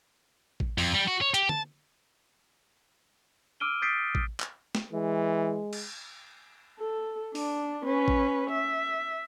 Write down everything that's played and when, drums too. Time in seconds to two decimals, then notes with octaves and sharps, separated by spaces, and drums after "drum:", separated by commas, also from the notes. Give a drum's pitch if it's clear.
0.60 drum: kick A1
0.78 F2, drum: open hi-hat
0.95 G3
1.08 F#4
1.21 C#5
1.34 G4, drum: hi-hat
1.49 A5, drum: tom
3.60 D6 E6 F6 D7 D#7 G7
3.82 D#6 G6 A6 B6 C7 D7
4.15 drum: kick A1
4.40 drum: clap
4.75 drum: snare
4.93 E3 G#3
5.73 drum: cymbal
6.79 A4
7.35 D4, drum: open hi-hat
7.85 C#4 B4
8.08 drum: kick A1
8.50 E5